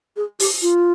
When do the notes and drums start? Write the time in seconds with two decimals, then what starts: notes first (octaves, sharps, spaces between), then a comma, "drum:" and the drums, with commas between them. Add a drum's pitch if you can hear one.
0.17 G#4
0.40 G4, drum: open hi-hat
0.62 F4